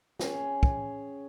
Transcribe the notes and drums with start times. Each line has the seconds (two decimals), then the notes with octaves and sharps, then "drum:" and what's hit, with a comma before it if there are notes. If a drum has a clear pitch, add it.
0.19 C#4 G#4 C#5 G5, drum: snare
0.63 drum: kick